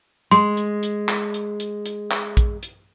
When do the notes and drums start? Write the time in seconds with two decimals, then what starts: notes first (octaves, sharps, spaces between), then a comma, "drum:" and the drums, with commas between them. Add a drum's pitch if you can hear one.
0.31 G#3 C6, drum: hi-hat
0.57 drum: hi-hat
0.83 drum: hi-hat
1.09 drum: clap
1.34 drum: hi-hat
1.60 drum: hi-hat
1.86 drum: hi-hat
2.11 drum: clap
2.37 drum: kick A#1, hi-hat
2.63 drum: hi-hat